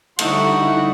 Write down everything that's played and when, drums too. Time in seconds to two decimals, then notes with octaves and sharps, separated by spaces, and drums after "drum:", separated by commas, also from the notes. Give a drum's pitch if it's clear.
0.19 D3 G3 A3 D#4 E4 F#5 C#6, drum: cymbal